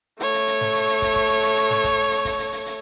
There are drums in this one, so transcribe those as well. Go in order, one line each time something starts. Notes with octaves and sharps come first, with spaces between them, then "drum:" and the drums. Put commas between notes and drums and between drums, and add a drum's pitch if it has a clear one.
A3 C#5, drum: hi-hat
drum: hi-hat
drum: hi-hat
drum: snare
drum: hi-hat
drum: hi-hat
drum: kick, hi-hat
drum: kick
drum: hi-hat
drum: hi-hat
drum: hi-hat
drum: snare
drum: kick, hi-hat
drum: hi-hat
drum: kick, hi-hat
drum: hi-hat
drum: hi-hat
drum: hi-hat